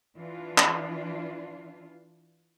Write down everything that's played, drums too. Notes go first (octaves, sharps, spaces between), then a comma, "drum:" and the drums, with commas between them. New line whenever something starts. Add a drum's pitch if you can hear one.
E3 D4 F4
drum: clap